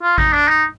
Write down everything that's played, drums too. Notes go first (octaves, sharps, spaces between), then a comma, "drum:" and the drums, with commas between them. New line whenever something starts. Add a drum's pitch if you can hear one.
F4
D#4, drum: kick G#1
D4
D#4